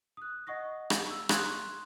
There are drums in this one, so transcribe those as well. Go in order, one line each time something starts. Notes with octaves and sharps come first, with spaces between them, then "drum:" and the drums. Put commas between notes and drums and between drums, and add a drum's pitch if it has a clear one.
D#6 F#6
D#5 F#5 C#6 D#6 A#6
drum: rim click
E6
C6 C#6 D#6 F#6 G#6, drum: rim click